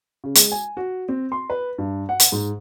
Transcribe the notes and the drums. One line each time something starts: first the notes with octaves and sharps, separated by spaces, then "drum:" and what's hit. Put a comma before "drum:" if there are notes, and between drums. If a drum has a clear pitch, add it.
C#3
G#3, drum: hi-hat
G#5
F#4
C4
C6
B4
G2
F#5
drum: hi-hat
G#2